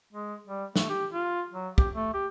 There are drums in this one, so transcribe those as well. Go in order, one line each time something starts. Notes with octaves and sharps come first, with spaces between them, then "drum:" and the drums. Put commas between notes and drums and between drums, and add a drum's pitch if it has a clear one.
G#3
G3
A3, drum: snare
G4
F4
F#3
G4, drum: kick
A3
G4